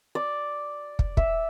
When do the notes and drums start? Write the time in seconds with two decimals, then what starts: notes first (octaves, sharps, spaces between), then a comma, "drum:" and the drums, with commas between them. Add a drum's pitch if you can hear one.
0.15 D5
0.99 drum: kick
1.17 E5, drum: kick